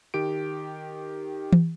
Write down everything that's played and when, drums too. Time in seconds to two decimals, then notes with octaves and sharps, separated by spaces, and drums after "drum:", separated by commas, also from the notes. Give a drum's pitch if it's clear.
0.14 D#3 G4 D7
1.53 drum: tom E3